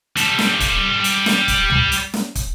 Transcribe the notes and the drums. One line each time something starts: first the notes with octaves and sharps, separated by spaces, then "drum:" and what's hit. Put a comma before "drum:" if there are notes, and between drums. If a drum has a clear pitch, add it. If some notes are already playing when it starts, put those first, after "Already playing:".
G3 A4, drum: hi-hat
drum: snare
drum: kick, hi-hat
drum: hi-hat
drum: snare
drum: kick, hi-hat
drum: tom C#2
drum: hi-hat
drum: snare
drum: kick, hi-hat